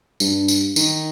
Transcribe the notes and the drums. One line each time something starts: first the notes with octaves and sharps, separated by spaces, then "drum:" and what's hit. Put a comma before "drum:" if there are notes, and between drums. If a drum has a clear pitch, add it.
G2, drum: tambourine
drum: tambourine
D#3, drum: tambourine